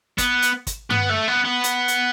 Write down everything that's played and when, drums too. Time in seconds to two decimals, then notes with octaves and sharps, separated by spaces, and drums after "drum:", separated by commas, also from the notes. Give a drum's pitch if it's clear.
0.18 B3, drum: kick, hi-hat
0.42 drum: hi-hat
0.67 drum: kick, hi-hat
0.90 B3, drum: tom G2
1.10 A3
1.28 B3
1.45 B3
1.64 drum: hi-hat
1.88 drum: hi-hat